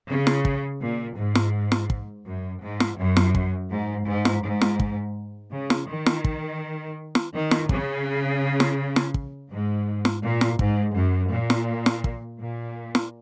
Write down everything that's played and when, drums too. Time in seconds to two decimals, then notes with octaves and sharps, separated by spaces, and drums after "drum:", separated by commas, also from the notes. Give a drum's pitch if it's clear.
0.08 C#3
0.27 drum: snare
0.45 drum: kick
0.81 A#2
1.17 G#2
1.35 drum: snare
1.72 drum: snare
1.90 drum: kick
2.27 F#2
2.62 G#2
2.80 drum: snare
2.98 F#2
3.17 drum: snare
3.35 drum: kick
3.71 G#2
4.07 G#2
4.25 drum: snare
4.43 G#2
4.61 drum: snare
4.80 drum: kick
5.51 C#3
5.70 drum: snare
5.88 D#3
6.06 drum: snare
6.24 drum: kick
7.15 drum: snare
7.34 D#3
7.51 drum: snare
7.69 C#3, drum: kick
8.60 drum: snare
8.96 drum: snare
9.14 drum: kick
9.50 G#2
10.05 drum: snare
10.23 A#2
10.41 drum: snare
10.59 G#2, drum: kick
10.96 F#2
11.31 A#2
11.50 drum: snare
11.86 drum: snare
12.04 drum: kick
12.40 A#2
12.95 drum: snare